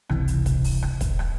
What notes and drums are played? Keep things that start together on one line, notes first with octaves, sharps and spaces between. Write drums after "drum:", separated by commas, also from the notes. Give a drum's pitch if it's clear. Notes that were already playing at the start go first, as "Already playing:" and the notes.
G1 C#2 C3 E3, drum: rim click
drum: hi-hat
drum: kick, hi-hat
drum: open hi-hat
drum: rim click
drum: kick, hi-hat
drum: rim click